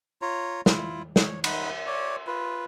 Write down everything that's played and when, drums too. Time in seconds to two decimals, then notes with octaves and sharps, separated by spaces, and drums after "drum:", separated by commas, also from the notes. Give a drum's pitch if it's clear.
0.22 F4 C#5 A#5
0.66 E4 F4, drum: snare
1.16 C#5, drum: snare
1.44 D#4 F#5 B5 C6, drum: cymbal
1.87 C#5 D5
2.27 F4 B4